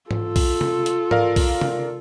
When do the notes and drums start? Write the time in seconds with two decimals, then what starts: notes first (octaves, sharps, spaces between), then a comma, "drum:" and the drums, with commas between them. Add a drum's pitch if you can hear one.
0.11 F4 A4, drum: tom G#2
0.36 drum: kick B1, open hi-hat
0.61 drum: tom C3
0.86 drum: hi-hat
1.11 A#4 D5 F5, drum: tom G#2
1.36 drum: kick B1, open hi-hat
1.61 drum: tom C3